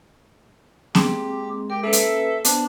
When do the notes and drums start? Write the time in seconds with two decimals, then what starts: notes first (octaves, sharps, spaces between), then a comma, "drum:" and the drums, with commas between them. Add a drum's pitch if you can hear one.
0.95 G#3 A#3 C4 G4 G#4, drum: snare B3
1.70 G4 A#4 G5
1.83 A#3 C#4 A4 B4 E5
1.93 drum: hi-hat
2.44 B3 D4 C5, drum: hi-hat